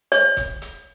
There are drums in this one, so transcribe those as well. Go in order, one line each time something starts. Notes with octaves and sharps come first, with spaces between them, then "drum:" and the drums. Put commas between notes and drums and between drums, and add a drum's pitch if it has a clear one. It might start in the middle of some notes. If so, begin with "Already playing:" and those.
C#5, drum: hi-hat
drum: kick, hi-hat
drum: hi-hat